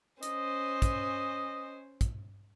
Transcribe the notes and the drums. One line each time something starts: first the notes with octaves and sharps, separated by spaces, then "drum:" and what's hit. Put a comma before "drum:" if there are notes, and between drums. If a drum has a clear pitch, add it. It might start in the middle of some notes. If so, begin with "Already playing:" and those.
C#4 C5 D#5, drum: hi-hat
drum: kick, hi-hat
drum: kick, hi-hat